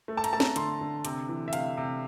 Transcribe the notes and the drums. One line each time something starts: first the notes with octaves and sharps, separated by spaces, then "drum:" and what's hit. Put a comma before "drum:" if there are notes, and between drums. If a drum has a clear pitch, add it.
A3
A5
A#5, drum: hi-hat
A3 A5
A#5, drum: snare
D3 C6, drum: hi-hat
D3
C3, drum: hi-hat
E3
E5
C3 F5, drum: hi-hat
C3